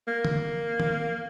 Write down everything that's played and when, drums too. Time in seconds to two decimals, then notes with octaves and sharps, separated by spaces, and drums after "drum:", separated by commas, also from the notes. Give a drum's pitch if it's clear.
0.08 A#3
0.25 drum: tom D3
0.80 drum: tom